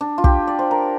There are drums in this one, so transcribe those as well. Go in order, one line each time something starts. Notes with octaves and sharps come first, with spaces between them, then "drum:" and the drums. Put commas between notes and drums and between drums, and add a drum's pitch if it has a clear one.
D4
F4
G4, drum: kick
D5
C5
A#4